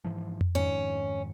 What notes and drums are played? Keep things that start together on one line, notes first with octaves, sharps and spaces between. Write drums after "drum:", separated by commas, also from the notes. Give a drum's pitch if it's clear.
G#2 E3 F3
drum: tom F2
F2 G#2 D#3 C#4